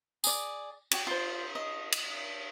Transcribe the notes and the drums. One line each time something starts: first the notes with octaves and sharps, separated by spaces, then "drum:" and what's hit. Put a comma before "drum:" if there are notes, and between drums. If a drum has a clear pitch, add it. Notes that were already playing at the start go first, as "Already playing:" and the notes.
G#4 D5, drum: tambourine
F#4 G4 C#5, drum: cymbal
F4 C5
D#5
drum: cymbal